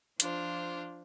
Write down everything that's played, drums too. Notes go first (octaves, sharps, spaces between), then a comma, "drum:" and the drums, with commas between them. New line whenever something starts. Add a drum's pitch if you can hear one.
F3 D4 F4 C5, drum: hi-hat